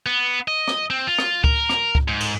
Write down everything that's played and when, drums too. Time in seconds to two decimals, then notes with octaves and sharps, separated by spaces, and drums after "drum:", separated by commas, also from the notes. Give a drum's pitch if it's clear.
0.06 B3
0.48 D#5
0.68 drum: rim click
0.90 C4
1.07 F4
1.19 drum: rim click
1.44 A#4, drum: kick C#2
1.69 drum: rim click
1.95 drum: kick C#2
2.08 G#2
2.20 drum: cymbal